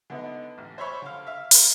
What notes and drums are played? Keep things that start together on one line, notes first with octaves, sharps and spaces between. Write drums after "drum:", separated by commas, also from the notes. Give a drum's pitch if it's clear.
D3 B3 D#4
A1
C5 C#5 E5 B5 C#6
D3 F5
E5 F5
A#4, drum: open hi-hat